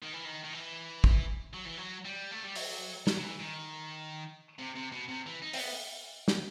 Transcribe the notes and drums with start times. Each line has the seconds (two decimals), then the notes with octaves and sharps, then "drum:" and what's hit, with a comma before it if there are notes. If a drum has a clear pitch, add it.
0.03 D#3
0.13 E3
0.25 D#3
0.44 D#3
0.54 E3
1.04 drum: kick
1.54 F#3
1.65 E3
1.78 F#3
2.05 G3
2.31 A3
2.43 G3
2.56 F#3, drum: open hi-hat
3.07 F#3, drum: snare
3.19 F#3
3.23 E3
3.41 D#3
4.59 C3
4.75 C3
4.92 B2
5.08 C3
5.26 E3
5.42 D#4
5.53 C4, drum: open hi-hat
5.59 B3
6.28 drum: snare